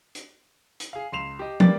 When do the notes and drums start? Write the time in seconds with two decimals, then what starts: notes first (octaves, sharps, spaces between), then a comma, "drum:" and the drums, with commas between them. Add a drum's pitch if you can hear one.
0.15 drum: hi-hat
0.80 drum: hi-hat
0.93 G#4 F5
1.12 C#2 C6 C7 E7 F7
1.39 G4 D#5
1.60 G3 A#3 B4 D5 G5 A6, drum: tom